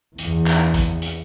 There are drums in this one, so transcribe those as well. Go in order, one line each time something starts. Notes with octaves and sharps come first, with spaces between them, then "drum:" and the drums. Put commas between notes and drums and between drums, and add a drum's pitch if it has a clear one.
E2, drum: hi-hat
drum: clap
drum: kick A#1, hi-hat
drum: hi-hat